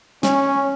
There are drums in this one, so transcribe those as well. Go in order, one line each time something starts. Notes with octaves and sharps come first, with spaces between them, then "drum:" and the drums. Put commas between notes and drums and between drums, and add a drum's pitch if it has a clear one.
C#4, drum: snare